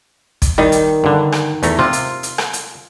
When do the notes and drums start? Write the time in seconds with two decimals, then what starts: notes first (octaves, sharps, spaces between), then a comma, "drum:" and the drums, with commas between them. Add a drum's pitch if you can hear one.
0.42 drum: kick, hi-hat
0.58 D#3 G3 D#4
0.72 drum: hi-hat
1.04 G2 D3
1.32 drum: rim click
1.63 E2 A3 A#5, drum: hi-hat
1.79 C3 F4
1.93 drum: hi-hat
2.23 drum: hi-hat
2.38 drum: rim click
2.53 drum: hi-hat